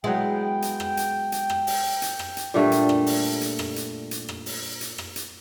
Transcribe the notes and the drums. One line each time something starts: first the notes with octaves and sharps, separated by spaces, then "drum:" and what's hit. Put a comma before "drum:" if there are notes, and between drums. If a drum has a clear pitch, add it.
F#3 G#3 B3 E4 G5
drum: hi-hat
drum: rim click
drum: hi-hat
drum: hi-hat
drum: rim click
drum: open hi-hat
drum: hi-hat
drum: rim click
drum: hi-hat
A#2 D3 G3 A3
drum: hi-hat
drum: rim click
drum: open hi-hat
drum: hi-hat
drum: rim click
drum: hi-hat
drum: hi-hat
drum: rim click
drum: open hi-hat
drum: hi-hat
drum: rim click
drum: hi-hat